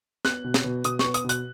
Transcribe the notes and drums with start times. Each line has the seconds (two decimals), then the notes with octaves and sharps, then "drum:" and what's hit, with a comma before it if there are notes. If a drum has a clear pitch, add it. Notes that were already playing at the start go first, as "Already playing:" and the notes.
0.25 B3 F#6, drum: snare
0.44 B2
0.54 drum: snare
0.64 B2
0.84 B2 D#6, drum: hi-hat
0.99 C#6, drum: snare
1.04 B3
1.14 D#6, drum: hi-hat
1.24 B2
1.29 F#6, drum: hi-hat